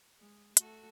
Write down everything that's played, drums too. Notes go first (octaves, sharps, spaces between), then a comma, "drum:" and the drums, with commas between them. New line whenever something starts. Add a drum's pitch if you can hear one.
G#3
A3 F#4 A4, drum: hi-hat